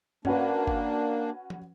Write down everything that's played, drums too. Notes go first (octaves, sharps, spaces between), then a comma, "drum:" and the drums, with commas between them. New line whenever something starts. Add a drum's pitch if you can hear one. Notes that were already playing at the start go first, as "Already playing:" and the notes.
A#3 C#4 D4 F#4 B4, drum: tom G2
drum: kick G1
drum: tom F3